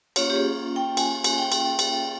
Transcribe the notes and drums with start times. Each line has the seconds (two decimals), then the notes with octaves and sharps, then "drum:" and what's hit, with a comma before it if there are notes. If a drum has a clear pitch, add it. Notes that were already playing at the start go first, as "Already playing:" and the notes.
0.16 A#3 C#4 F4 C#5, drum: cymbal
0.30 G4
0.36 G#4
0.76 G5
0.97 G#5, drum: cymbal
1.24 drum: cymbal
1.38 G5
1.52 drum: cymbal
1.79 drum: cymbal